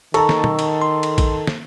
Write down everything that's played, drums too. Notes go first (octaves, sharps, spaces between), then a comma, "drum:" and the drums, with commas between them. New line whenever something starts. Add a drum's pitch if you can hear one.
D#3 A4 A5 A#5 C#6, drum: cymbal
drum: snare
drum: tom
drum: cymbal
C6
drum: cymbal
drum: kick A#1, cymbal
drum: snare